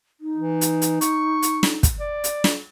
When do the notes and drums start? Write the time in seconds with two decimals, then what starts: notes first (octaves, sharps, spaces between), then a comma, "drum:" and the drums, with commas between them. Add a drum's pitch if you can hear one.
0.21 D#4
0.37 E3
0.61 drum: hi-hat
0.82 drum: hi-hat
1.01 C#6, drum: hi-hat
1.42 drum: hi-hat
1.63 drum: snare
1.83 drum: kick, hi-hat
2.00 D5
2.24 drum: hi-hat
2.44 drum: snare